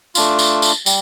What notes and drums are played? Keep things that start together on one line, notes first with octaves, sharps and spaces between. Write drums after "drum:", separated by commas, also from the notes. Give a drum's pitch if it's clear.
A3 D4 F4, drum: tambourine
drum: tambourine
drum: tambourine
G3, drum: tambourine